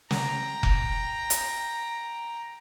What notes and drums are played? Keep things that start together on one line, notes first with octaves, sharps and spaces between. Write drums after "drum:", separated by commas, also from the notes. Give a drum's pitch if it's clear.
G5 A#5, drum: snare
drum: kick F1
drum: hi-hat